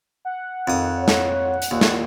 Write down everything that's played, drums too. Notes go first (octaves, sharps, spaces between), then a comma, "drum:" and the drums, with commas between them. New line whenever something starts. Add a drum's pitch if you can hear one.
F#5
F2 D#3 D#6
C#5
drum: snare
drum: hi-hat
D#2 A#2
drum: snare